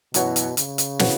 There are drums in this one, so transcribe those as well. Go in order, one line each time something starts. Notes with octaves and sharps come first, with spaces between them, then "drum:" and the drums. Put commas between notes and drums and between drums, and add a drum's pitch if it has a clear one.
F#2 B2 E3 B3 F#4 C#5, drum: hi-hat
drum: hi-hat
C#3, drum: hi-hat
drum: hi-hat
E3 B3 F#4 C#5, drum: snare